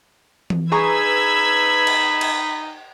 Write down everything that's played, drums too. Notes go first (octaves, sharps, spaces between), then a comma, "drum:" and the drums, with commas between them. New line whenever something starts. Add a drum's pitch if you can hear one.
drum: tom E3
D#4 G#4 B4 A#5 B5 C#6 E6 G#6
drum: cymbal
drum: cymbal